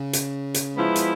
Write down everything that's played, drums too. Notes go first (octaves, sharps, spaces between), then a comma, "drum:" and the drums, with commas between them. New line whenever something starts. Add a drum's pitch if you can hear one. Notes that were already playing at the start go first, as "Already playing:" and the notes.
Already playing: C#3
drum: hi-hat
drum: hi-hat
F3 G#3 B3 E4
drum: hi-hat